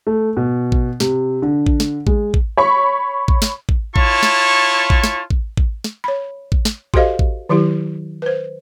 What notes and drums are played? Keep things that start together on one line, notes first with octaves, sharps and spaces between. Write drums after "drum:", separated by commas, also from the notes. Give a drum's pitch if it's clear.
A3
B2
drum: kick
C3, drum: snare
D3
drum: kick
drum: snare
G#3, drum: kick
drum: kick
C#5 B5 C#6
drum: kick
drum: snare
drum: kick
E4 F4 C#5 A5 C#6, drum: kick
drum: snare
drum: kick
drum: snare
drum: kick
drum: kick
drum: snare
C#5 B5
drum: kick
drum: snare
F#4 G4 A4 C5 D#5 F5, drum: kick
drum: kick
D#3 F#3 E4 G4
B4 C5